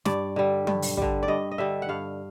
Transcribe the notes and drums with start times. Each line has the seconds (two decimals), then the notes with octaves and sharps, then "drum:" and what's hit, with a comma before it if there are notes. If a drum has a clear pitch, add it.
0.05 G2 D5, drum: snare
0.36 D3 G3
0.67 G2, drum: tom F#3
0.82 drum: open hi-hat
0.97 D3 G3, drum: kick
1.23 D5
1.28 G2 D#5
1.51 D#5
1.58 D3 G3 E5
1.82 F#5
1.89 G2 F5